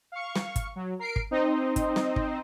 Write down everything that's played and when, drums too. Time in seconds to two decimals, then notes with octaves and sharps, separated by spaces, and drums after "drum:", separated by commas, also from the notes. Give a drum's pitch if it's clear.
0.12 F5 C#6
0.36 drum: snare
0.56 drum: kick, hi-hat
0.76 F#3
0.99 A#4 C7 D7
1.16 drum: kick
1.31 C4 D#4 C5 D#5
1.76 drum: kick, hi-hat
1.96 drum: snare
2.16 drum: kick